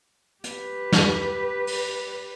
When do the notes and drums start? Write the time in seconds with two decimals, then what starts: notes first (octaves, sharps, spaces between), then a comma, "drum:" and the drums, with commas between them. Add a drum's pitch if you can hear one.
0.44 G4 B4, drum: hi-hat
0.92 drum: snare
1.67 drum: open hi-hat